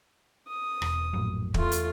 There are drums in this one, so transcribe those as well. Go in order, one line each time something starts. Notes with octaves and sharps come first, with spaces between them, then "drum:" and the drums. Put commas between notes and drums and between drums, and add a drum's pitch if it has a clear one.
D#6
E1, drum: rim click
A#1 F#2 A2
E2 A3 F4, drum: kick
drum: hi-hat